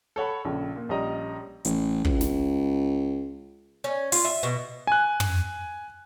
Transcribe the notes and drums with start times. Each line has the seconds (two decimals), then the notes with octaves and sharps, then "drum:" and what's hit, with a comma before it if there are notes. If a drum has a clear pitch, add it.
0.16 A4 C#5 F#5 B5
0.45 A#1 C#3
0.76 A#2
0.89 A#1 G3 C#4 D#5 A#5
1.65 A1, drum: hi-hat
2.05 C#2, drum: kick
2.21 drum: snare
3.84 C#4
4.12 F4, drum: open hi-hat
4.25 E5
4.43 B2
4.87 G#5 F#6
5.20 drum: tom